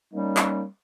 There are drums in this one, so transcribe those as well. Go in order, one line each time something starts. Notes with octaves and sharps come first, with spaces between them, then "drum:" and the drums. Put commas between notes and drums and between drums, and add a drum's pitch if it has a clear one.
G3 A#3 C#4 D#4
drum: clap